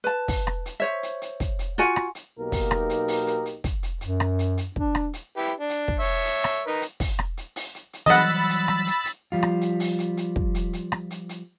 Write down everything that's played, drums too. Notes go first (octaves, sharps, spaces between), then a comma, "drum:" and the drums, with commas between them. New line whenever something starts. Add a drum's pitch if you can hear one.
B4 A5
drum: kick, open hi-hat
drum: rim click
drum: hi-hat
C5 C#5 E5
drum: hi-hat
drum: hi-hat
drum: kick, hi-hat
drum: hi-hat
F4 F#4 F#5 G#5, drum: hi-hat
drum: rim click
drum: hi-hat
B1 B2 A#3 D#4 G4 A#4
drum: kick, open hi-hat
drum: rim click
drum: hi-hat
drum: open hi-hat
drum: hi-hat
drum: hi-hat
drum: kick, hi-hat
drum: hi-hat
F#2, drum: hi-hat
drum: rim click
drum: hi-hat
drum: hi-hat
D4, drum: kick
drum: rim click
drum: hi-hat
E4 G4 B4
D4
drum: hi-hat
drum: kick
C#5 E5
drum: hi-hat
drum: rim click
D#4 A#4 B4
drum: hi-hat
drum: kick, open hi-hat
drum: rim click
drum: hi-hat
drum: open hi-hat
drum: hi-hat
drum: hi-hat
E3 F#3 G3 D#5 F#5 B5 E6 A6
drum: hi-hat
drum: rim click
drum: hi-hat
drum: hi-hat
F3 G3 F4
drum: rim click
drum: hi-hat
drum: open hi-hat
drum: hi-hat
drum: hi-hat
drum: kick
drum: hi-hat
drum: hi-hat
drum: rim click
drum: hi-hat
drum: hi-hat